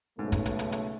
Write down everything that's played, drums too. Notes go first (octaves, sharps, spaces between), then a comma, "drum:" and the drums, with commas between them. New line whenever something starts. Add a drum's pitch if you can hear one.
B1 G#2 C#3 A3
drum: kick, hi-hat
drum: hi-hat
drum: hi-hat
drum: hi-hat